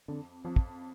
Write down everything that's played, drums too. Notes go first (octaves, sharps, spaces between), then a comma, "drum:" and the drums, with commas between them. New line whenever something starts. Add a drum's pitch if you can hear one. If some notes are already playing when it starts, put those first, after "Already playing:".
F2 D3
F2 F3
drum: kick